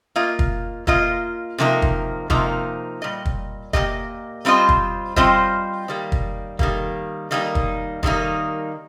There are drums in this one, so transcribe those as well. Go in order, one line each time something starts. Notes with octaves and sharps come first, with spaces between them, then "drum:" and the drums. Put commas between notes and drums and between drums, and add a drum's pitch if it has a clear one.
A#3 F4 D#5
drum: kick
A#3 F4 D#5, drum: kick
C3 F3 A#3 D#4 A#4
drum: kick
C3 F3 A#3 D#4 A#4, drum: kick
A#2 G3 D#5
drum: kick
A#2 G3 A#3 G4 D#5, drum: kick
G3 C4 F4 C5 D#5
drum: kick
G3 C4 F4 C5 D#5, drum: kick
D#3 G3 A#3
drum: kick
D#3 G3 A#3, drum: kick
D#3 G3 A#3 D#4
drum: kick
D#3 G3 A#3 D#4, drum: kick